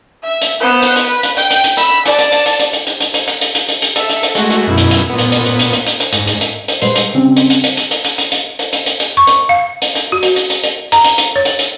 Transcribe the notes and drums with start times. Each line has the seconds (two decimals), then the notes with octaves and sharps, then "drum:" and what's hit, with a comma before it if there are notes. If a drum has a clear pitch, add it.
0.24 E5
0.42 drum: hi-hat
0.60 B3 C5
0.82 drum: hi-hat
0.96 drum: hi-hat
1.06 B4
1.23 drum: hi-hat
1.37 G5, drum: hi-hat
1.51 drum: hi-hat
1.64 drum: hi-hat
1.77 B5 E6, drum: hi-hat
2.06 D5 A5, drum: hi-hat
2.19 drum: hi-hat
2.32 drum: hi-hat
2.46 drum: hi-hat
2.60 drum: hi-hat
2.73 drum: hi-hat
2.87 drum: hi-hat
3.00 drum: hi-hat
3.14 drum: hi-hat
3.28 drum: hi-hat
3.41 drum: hi-hat
3.55 drum: hi-hat
3.69 drum: hi-hat
3.82 drum: hi-hat
3.96 A4 E5, drum: hi-hat
4.09 drum: hi-hat
4.23 drum: hi-hat
4.35 G#3 A3 F#4, drum: hi-hat
4.50 drum: hi-hat
4.67 F#2 B2 E4
4.78 drum: hi-hat
4.91 drum: hi-hat
5.09 A#2 B3
5.18 drum: hi-hat
5.32 drum: hi-hat
5.46 drum: hi-hat
5.59 drum: hi-hat
5.73 drum: hi-hat
5.87 drum: hi-hat
6.00 drum: hi-hat
6.13 G#2, drum: hi-hat
6.27 drum: hi-hat
6.41 drum: hi-hat
6.68 drum: hi-hat
6.82 A#2 G3 G#3 B4 C5 C7, drum: hi-hat
6.96 drum: hi-hat
7.14 C#3 G3 C4 C#4
7.36 drum: hi-hat
7.50 drum: hi-hat
7.64 drum: hi-hat
7.77 drum: hi-hat
7.91 drum: hi-hat
8.05 drum: hi-hat
8.18 drum: hi-hat
8.32 drum: hi-hat
8.59 drum: hi-hat
8.73 drum: hi-hat
8.86 drum: hi-hat
9.00 drum: hi-hat
9.17 C#6
9.27 drum: hi-hat
9.49 F5
9.82 drum: hi-hat
9.95 drum: hi-hat
10.12 F#4
10.23 drum: hi-hat
10.36 drum: hi-hat
10.50 drum: hi-hat
10.64 drum: hi-hat
10.92 A#5, drum: hi-hat
11.04 drum: hi-hat
11.18 drum: hi-hat
11.36 C#5
11.45 drum: hi-hat
11.59 drum: hi-hat